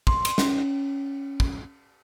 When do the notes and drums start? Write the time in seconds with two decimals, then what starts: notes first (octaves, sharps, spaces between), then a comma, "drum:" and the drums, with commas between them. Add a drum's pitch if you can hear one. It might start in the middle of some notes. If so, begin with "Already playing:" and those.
0.07 C6, drum: kick
0.25 drum: cymbal
0.38 C#4, drum: snare
1.40 drum: kick